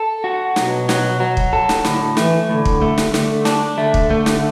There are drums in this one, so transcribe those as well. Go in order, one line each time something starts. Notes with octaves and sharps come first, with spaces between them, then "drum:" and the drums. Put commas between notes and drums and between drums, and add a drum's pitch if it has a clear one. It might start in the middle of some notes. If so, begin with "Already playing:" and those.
Already playing: A4
F#4
B2 F#3, drum: snare
F#3, drum: snare
F#3
drum: kick
A4
drum: snare
A2 D3, drum: snare
E3 A3, drum: snare
A2 D3
drum: kick
A3
drum: snare
D3 A3, drum: snare
D4, drum: snare
D3 A3
drum: kick
A3
drum: snare